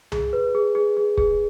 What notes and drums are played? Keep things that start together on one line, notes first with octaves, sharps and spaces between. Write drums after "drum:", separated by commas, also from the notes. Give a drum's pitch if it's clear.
G#4, drum: tom C2
B4
G#4
G#4
G#4
G#4, drum: kick